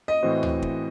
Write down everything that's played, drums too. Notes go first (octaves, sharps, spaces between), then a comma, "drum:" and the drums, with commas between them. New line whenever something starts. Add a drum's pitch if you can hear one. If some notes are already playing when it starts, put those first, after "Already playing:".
D#5
A2 E3 C4 F#4 C5
drum: tom D2
drum: kick